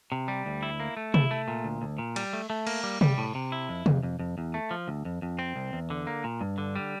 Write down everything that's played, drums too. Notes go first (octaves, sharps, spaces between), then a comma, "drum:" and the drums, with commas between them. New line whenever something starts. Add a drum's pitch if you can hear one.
C3
G3
D2
E4
A#3
A3
E4, drum: tom C3
A3
A#2
D2
D2
A#2
G3, drum: cymbal
A3
A3
A#3, drum: cymbal
G3
G3, drum: tom C3
A2
C3
E4
F2
F2, drum: tom C3
F2
F2
E2
A3
F3
D2
F2
F2
C4
C2
E2
D3
A#3
A#2
G2
D3
G3